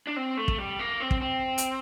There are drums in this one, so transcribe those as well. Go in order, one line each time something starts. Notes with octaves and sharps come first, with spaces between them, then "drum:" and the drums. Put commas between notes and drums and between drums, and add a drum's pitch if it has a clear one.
D4
C4
A3
drum: kick
G3
A#3
C4
drum: kick
C4
drum: hi-hat